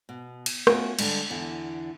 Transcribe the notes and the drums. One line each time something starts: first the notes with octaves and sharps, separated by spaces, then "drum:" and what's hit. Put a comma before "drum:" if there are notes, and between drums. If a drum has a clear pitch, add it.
B2
drum: cymbal
A3 B3 C#4 F4 F#4 A#4, drum: rim click
D3 G3 G#3, drum: cymbal
E2 D3